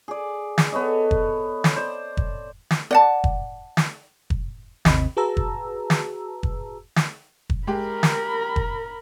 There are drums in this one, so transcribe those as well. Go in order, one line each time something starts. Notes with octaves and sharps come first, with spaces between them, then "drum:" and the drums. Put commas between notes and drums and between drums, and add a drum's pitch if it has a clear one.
G#4 D5
drum: snare
B3 A4 C#5 D#5
drum: kick
drum: snare
C5 D5
drum: kick
drum: snare
D5 F#5 A5
drum: kick
drum: snare
drum: kick
G#1 D#2 C3 C4 D#5 B5, drum: snare
F#4 G#4 B4 A5 A#5 E6
drum: kick
drum: snare
drum: kick
drum: snare
drum: kick
G#3 G4 A#4 B5
drum: snare
drum: kick